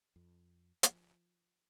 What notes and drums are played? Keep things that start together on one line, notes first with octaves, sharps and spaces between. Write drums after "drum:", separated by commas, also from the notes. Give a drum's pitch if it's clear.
F2
F3, drum: hi-hat